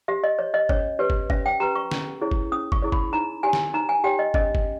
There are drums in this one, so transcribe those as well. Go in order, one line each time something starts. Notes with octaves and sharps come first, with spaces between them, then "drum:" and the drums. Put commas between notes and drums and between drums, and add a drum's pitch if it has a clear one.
G4 E5
D#5
C#5
D#5
C#4 C#5, drum: kick
G4 B4 C#5
drum: kick
C#4 E5, drum: kick
G5
G4 B4 A#5
C#6
C#4, drum: snare
E4 G#4 C#5
drum: kick
C#4 D#6
C#6, drum: kick
E4 G#4 C#5
B5, drum: kick
D#4 A#5
G4 C#5 G#5
drum: snare
D#4 A#5
G#5
G4 C#5 G5
D#5
C#4 D#5, drum: kick
drum: kick